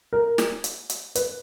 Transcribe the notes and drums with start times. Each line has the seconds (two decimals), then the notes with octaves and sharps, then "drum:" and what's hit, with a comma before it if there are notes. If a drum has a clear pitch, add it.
0.13 A#4
0.38 drum: snare
0.64 drum: hi-hat
0.90 drum: hi-hat
1.15 B4, drum: hi-hat